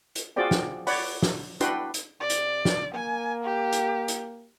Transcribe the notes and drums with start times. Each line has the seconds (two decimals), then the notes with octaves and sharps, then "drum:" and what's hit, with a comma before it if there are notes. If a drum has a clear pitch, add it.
0.15 drum: hi-hat
0.36 F4 F#4 G#4 C5 D5 G5
0.51 drum: snare
0.87 C#5 D5 F#5 B5, drum: open hi-hat
1.22 drum: snare
1.60 D4 E4 F#4 B4 G5 C6, drum: hi-hat
1.94 drum: hi-hat
2.20 C3 D5
2.30 drum: hi-hat
2.65 drum: snare
2.94 A#3 G#5
3.44 G4
3.72 drum: hi-hat
4.08 drum: hi-hat